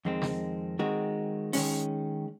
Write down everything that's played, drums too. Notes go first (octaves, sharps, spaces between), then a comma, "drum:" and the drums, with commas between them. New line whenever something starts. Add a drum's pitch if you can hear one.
F2 D#3 G#3 C4
drum: snare
D#3 G#3 C4 F#4
D#3 G#3 C#4, drum: open hi-hat